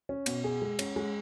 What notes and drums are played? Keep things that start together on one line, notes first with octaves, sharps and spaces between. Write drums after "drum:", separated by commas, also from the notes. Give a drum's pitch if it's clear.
C#4
B2, drum: cymbal
G#4
G#3
C#4, drum: cymbal
G#3